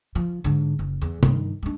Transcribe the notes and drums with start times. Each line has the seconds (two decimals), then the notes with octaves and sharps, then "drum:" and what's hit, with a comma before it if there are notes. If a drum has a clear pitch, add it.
0.15 F3
0.44 G#2 D3
0.79 F#1
1.01 E2
1.23 G2 D#3, drum: tom C3
1.62 G#3 D4